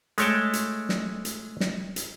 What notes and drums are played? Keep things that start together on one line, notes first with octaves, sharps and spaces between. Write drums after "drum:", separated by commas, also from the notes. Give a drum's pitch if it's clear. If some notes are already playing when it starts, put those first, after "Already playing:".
G#3 A3 C#5 G5 A5, drum: hi-hat
drum: hi-hat
drum: snare
drum: hi-hat
drum: snare
drum: hi-hat